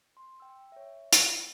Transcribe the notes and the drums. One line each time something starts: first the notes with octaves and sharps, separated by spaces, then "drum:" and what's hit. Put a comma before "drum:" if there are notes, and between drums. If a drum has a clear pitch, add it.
C6
G5 E6
C#5 E5
G#5, drum: hi-hat